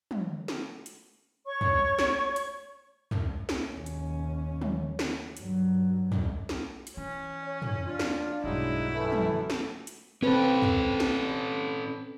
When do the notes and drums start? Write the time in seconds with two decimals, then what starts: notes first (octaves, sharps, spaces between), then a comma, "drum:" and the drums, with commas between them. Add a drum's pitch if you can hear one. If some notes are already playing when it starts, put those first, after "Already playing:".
0.11 drum: tom
0.48 drum: snare
0.86 drum: hi-hat
1.46 C#5 C#6
1.61 drum: tom
1.99 drum: snare
2.36 drum: hi-hat
3.11 drum: tom
3.49 drum: snare
3.73 D#2 C#4
3.86 drum: hi-hat
4.61 drum: tom
4.99 drum: snare
5.37 G2 F#3, drum: hi-hat
6.12 drum: tom
6.49 drum: snare
6.87 drum: hi-hat
6.97 E3 C#4
7.44 C#5
7.62 drum: tom
7.86 D4 F4
7.99 drum: snare
8.44 B1 G2 F#3 G#3 D#4 E4
8.94 F#2 E3 A3
9.12 drum: tom
9.50 drum: snare
9.87 drum: hi-hat
10.23 C4 C#4 A4 B4
10.62 drum: tom
11.00 drum: snare